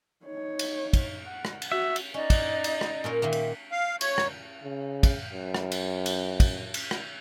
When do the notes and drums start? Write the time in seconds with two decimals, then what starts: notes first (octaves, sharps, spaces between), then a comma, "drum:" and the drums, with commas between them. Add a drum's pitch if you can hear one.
0.26 D#4 C#5
0.59 drum: cymbal
0.93 drum: kick, cymbal
1.24 F#5
1.45 drum: rim click
1.62 drum: cymbal
1.72 F#4 E5
1.96 drum: cymbal
2.14 C#4 D#4 D5 D#5
2.30 drum: kick, cymbal
2.64 drum: cymbal
2.81 drum: rim click
3.04 A#2 C#4 A#4
3.22 A#2 D#3 A#3 E5
3.32 drum: cymbal
3.72 F5
4.01 C#5, drum: cymbal
4.18 drum: rim click
4.64 C#3
5.03 drum: kick, cymbal
5.33 F#2
5.54 drum: rim click
5.72 drum: cymbal
6.06 drum: cymbal
6.40 drum: kick, cymbal
6.74 drum: cymbal
6.91 drum: rim click